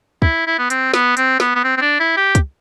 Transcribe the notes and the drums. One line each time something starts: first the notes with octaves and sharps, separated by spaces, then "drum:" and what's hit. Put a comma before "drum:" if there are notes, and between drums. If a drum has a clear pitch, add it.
E4, drum: kick
E4
B3
C4, drum: hi-hat
B3, drum: snare
C4, drum: hi-hat
B3, drum: snare
B3
C4
C4
D4
E4
G4
drum: kick, hi-hat